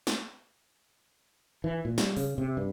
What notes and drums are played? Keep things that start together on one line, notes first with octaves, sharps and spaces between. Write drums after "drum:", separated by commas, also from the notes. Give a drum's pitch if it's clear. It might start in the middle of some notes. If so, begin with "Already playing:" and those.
drum: snare
E3
A#2
G3, drum: snare
C#3, drum: open hi-hat
C3
G2